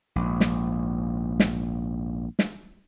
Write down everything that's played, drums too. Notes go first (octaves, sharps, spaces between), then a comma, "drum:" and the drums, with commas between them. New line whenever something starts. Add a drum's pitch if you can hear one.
A#1 G#2
drum: snare
drum: snare
drum: snare